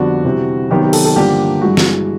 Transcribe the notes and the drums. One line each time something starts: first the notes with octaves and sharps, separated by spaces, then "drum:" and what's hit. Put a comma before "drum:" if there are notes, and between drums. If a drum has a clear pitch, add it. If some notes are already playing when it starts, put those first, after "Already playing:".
Already playing: F2 D3 G3 B3 D4 F#4
C3 E3 G3 C4
C3 D#3 F#3 B3 D#4 G4
G4
A4, drum: cymbal
A4
G2 D3 F3 A#3 D4 G4
G2 E3 G#3 F#4
drum: snare